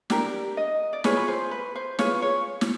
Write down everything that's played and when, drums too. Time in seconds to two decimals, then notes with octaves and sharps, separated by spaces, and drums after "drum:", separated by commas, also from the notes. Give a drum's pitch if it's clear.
0.10 D4 G4 A#4, drum: snare
0.57 D#5
0.93 D5
1.04 F4 G#4 B4 C#5, drum: snare
1.17 B4
1.28 C5
1.51 B4
1.76 C5
1.99 F4 G#4 B4 C#5, drum: snare
2.22 C#5
2.61 drum: snare